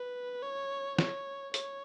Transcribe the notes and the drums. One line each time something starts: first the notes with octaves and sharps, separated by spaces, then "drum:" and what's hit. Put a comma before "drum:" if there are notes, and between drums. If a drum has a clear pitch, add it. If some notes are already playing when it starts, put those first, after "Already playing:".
Already playing: B4
C#5
C#5, drum: snare
C#5, drum: hi-hat